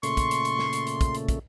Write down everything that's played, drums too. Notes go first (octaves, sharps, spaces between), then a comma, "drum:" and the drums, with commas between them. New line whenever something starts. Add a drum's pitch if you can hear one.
A#2 C#3 A3 C6 C#6, drum: hi-hat
drum: kick, hi-hat
drum: hi-hat
drum: hi-hat
drum: snare
drum: hi-hat
drum: hi-hat
drum: kick, hi-hat
drum: hi-hat
drum: kick, hi-hat